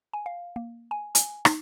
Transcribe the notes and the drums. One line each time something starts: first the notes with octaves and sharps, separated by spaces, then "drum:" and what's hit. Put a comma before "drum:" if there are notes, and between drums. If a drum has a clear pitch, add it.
G#5
F5
A#3
G#5
G#5, drum: hi-hat
D#4, drum: rim click